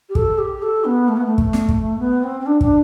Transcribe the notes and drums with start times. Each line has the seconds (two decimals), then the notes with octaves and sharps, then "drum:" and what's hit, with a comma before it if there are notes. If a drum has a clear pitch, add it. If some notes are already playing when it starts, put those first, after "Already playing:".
0.09 G4
0.15 A4, drum: kick
0.38 G4
0.62 A4
0.84 B3
1.08 A3
1.16 B3
1.25 A3
1.38 drum: kick
1.53 drum: snare
1.69 drum: kick
1.99 B3
2.23 C4
2.40 C4
2.46 D4
2.61 D4, drum: kick